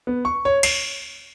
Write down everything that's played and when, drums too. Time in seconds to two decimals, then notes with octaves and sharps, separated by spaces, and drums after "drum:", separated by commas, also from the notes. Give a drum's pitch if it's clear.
0.07 B3
0.25 C#6
0.45 C#5
0.63 C7, drum: cymbal